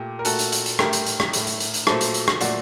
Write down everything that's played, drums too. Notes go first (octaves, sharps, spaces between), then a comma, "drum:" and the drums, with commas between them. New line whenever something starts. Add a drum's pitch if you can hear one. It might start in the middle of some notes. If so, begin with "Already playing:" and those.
Already playing: A#2 A3 G4
A#4
A#2 A3 F#4 A4, drum: hi-hat
drum: hi-hat
drum: hi-hat
drum: hi-hat
A2 A3 G4 A#4, drum: rim click
drum: hi-hat
drum: hi-hat
drum: rim click
A2 A3, drum: hi-hat
drum: hi-hat
drum: hi-hat
drum: hi-hat
A#2 F#3 A3 A4 C5, drum: rim click
drum: hi-hat
drum: hi-hat
drum: rim click
A#2 F#3 A3 D5 F#5, drum: hi-hat